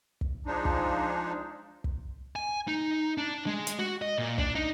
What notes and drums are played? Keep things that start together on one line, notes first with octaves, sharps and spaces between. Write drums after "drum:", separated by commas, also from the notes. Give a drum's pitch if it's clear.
drum: kick
F3 G#3 D4 D#4
drum: kick
drum: kick
G#5
D#4
D4
G#3
drum: hi-hat
F#4
D#5
A#2
D4, drum: kick
D#4